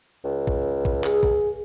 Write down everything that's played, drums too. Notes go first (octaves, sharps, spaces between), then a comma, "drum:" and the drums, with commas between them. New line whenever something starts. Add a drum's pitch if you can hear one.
C#2
drum: kick
drum: kick
G#4, drum: clap
drum: kick